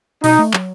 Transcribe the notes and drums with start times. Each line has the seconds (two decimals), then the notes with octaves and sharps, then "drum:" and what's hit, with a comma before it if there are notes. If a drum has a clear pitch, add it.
0.24 B2 D#4, drum: open hi-hat
0.39 A3
0.54 F#3, drum: clap